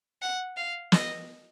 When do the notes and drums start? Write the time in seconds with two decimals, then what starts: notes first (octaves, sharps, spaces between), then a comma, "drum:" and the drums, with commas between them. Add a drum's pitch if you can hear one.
0.22 F#5
0.56 F5
0.92 D#5, drum: snare